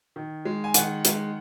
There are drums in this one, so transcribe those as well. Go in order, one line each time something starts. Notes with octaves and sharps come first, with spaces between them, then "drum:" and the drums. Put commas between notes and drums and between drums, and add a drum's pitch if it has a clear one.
D#3
G#3
G#5
D#3 F#5, drum: hi-hat
G#3, drum: hi-hat